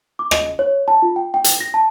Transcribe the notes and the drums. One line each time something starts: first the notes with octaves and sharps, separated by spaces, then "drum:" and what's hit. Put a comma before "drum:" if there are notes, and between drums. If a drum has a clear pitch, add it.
D6
D#5, drum: rim click
C#5
A5
F4
G5
G5
drum: hi-hat
A#6
A5